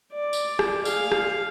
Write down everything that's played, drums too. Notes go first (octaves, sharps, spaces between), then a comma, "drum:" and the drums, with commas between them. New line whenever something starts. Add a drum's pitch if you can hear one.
D5
drum: tambourine
drum: rim click
G#4 F5, drum: tambourine
drum: rim click